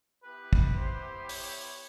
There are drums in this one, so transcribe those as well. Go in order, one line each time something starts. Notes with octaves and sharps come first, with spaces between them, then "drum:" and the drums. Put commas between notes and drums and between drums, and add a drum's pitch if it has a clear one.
B3 E4 G4 B4
drum: kick
C5
C#5, drum: open hi-hat